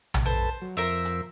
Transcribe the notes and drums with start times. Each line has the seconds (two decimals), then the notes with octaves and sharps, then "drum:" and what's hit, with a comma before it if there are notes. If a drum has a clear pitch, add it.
0.14 drum: tom A#1
0.26 A4 B4 C5 A5
0.61 F#3
0.77 F2 A#4 C5 E5
1.05 drum: hi-hat